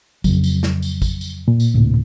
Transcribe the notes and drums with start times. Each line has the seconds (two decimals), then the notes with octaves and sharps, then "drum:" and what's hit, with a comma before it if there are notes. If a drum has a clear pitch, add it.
0.24 F2 C#3 F#3, drum: kick, tambourine
0.44 drum: tambourine
0.63 drum: snare
0.82 drum: tambourine
1.02 drum: kick, tambourine
1.21 drum: tambourine
1.48 A#2
1.60 drum: tambourine
1.74 D2 A2 C3